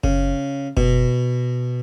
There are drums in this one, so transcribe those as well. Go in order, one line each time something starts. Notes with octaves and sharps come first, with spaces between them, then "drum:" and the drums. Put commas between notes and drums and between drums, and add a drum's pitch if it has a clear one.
C#3, drum: kick F#1
B2, drum: kick F#1